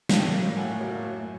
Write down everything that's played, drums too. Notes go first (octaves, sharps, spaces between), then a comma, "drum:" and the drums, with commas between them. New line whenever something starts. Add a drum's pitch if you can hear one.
A2 G5 A5, drum: snare
F#3 A#3
A2 F#5 G#5
F#3 A#3
F#2